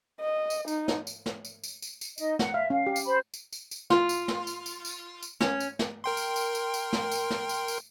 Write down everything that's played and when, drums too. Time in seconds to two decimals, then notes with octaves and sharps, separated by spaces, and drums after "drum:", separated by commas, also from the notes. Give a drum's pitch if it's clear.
0.21 D#5
0.50 drum: tambourine
0.68 D#4, drum: tambourine
0.88 drum: snare
1.07 drum: tambourine
1.26 drum: snare
1.45 drum: tambourine
1.64 drum: tambourine
1.82 drum: tambourine
2.01 drum: tambourine
2.18 D#4 D#5, drum: tambourine
2.39 F#5, drum: snare
2.54 E5 F5
2.70 C#4 F5
2.87 G4
2.96 drum: tambourine
3.06 C5 B5
3.34 drum: tambourine
3.52 drum: tambourine
3.71 drum: tambourine
3.90 F4, drum: snare
4.09 drum: tambourine
4.28 drum: snare
4.47 drum: tambourine
4.66 drum: tambourine
4.85 drum: tambourine
5.23 drum: tambourine
5.41 C#4, drum: snare
5.60 drum: tambourine
5.79 drum: snare
6.04 A#4 G5 C6
6.17 drum: tambourine
6.36 drum: tambourine
6.55 drum: tambourine
6.74 drum: tambourine
6.93 drum: snare
7.12 drum: tambourine
7.30 drum: snare
7.49 drum: tambourine
7.68 drum: tambourine